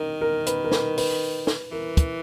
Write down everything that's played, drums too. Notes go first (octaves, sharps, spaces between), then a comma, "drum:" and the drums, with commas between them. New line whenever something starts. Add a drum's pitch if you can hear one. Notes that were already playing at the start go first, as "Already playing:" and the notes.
Already playing: D#3 A#4
A#4
B4, drum: hi-hat
A#4
B4, drum: snare
B4, drum: open hi-hat
drum: snare
E3 A#4
drum: kick, hi-hat